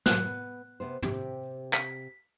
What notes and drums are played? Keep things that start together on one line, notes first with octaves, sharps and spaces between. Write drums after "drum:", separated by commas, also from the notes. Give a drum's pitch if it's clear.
F#3 F#6, drum: snare
B3
C3 B3 C5
C3 C4 G4, drum: tom
B6, drum: clap